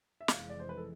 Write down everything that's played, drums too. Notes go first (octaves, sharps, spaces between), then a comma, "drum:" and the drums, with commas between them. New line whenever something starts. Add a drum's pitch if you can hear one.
E5
F1 F2 E3 G#3 F5, drum: snare
D5
C5
B4
A4